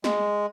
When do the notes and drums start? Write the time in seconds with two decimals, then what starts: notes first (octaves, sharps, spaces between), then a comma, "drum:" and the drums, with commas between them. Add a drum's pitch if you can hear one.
0.04 G#3, drum: snare